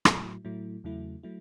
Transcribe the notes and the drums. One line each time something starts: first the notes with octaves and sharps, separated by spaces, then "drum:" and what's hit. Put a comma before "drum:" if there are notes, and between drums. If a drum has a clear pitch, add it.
A2 F#3 A3 E4, drum: rim click
A2 F#3 A3 E4
E2 C#3 F#3 A3 E4
F#3 A3 E4